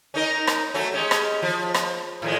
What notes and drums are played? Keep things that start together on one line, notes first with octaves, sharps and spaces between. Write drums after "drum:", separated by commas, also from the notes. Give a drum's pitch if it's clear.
C#4 D#4 A#4
drum: rim click
F#3 A3 C#4
G#3 C#4 G4
drum: rim click
F3
drum: rim click
A2 F3 G#3